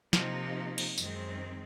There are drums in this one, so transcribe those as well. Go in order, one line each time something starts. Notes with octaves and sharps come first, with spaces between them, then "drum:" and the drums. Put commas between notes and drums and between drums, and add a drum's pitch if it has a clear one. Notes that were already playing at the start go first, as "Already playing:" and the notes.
C3 F3 A#3 D#4, drum: snare
drum: cymbal
F#2 D#3 G#3 C4, drum: tambourine